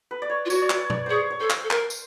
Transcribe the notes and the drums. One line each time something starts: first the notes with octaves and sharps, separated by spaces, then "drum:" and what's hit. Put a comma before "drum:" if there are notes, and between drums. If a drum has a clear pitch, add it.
B4
D5
C#5
F4
F#4 C#5, drum: tambourine
D5
C#5, drum: clap
D5, drum: tom
G#4 C5 C#5
C#5
A4 C5
drum: clap
A4
A#4, drum: clap
drum: tambourine